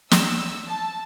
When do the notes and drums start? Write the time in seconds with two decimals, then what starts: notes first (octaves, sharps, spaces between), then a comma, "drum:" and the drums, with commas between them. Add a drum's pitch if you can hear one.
0.11 E6, drum: snare
0.68 A5